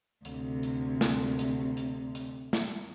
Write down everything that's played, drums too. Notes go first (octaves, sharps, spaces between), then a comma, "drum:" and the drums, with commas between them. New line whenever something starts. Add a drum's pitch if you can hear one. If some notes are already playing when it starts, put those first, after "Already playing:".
D2 C3, drum: hi-hat
drum: hi-hat
drum: snare
drum: hi-hat
drum: hi-hat
drum: hi-hat
drum: snare